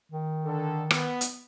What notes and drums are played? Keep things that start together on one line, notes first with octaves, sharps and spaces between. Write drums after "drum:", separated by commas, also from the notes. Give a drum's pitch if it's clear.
D#3
D3 A4
B3, drum: rim click
drum: hi-hat